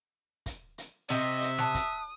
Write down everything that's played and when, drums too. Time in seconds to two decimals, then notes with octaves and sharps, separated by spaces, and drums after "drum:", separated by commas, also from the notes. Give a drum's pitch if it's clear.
0.46 drum: kick, hi-hat
0.78 drum: hi-hat
1.10 C3 D#5 E5, drum: snare
1.42 drum: hi-hat
1.58 A5 D#6 F#6, drum: snare
1.75 drum: kick, hi-hat